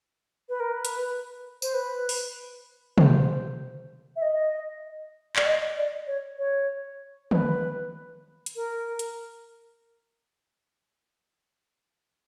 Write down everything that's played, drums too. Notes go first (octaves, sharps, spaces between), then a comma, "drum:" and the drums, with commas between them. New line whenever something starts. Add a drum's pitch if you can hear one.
B4
A#4
B4
drum: hi-hat
C5, drum: tambourine
B4
drum: open hi-hat
C5, drum: tom
E5
D#5
D5, drum: clap
D#5
D5
C#5
C#5
B4, drum: tom
drum: hi-hat
A#4
drum: hi-hat